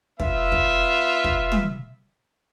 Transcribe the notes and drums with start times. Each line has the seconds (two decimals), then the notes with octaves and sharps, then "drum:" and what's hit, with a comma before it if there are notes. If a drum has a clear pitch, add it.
0.20 B3 F4 E5, drum: kick
0.52 drum: kick
1.24 drum: kick
1.52 drum: tom